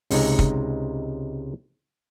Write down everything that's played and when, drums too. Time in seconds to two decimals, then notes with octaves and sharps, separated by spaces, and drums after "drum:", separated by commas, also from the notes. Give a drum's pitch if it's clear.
0.10 C#2 C3 G#3 D#4 A#5, drum: open hi-hat
0.39 drum: kick